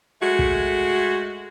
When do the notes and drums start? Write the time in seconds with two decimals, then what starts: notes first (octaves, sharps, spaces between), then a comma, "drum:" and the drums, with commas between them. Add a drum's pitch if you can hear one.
0.21 G#3 A3 F#4
0.39 drum: kick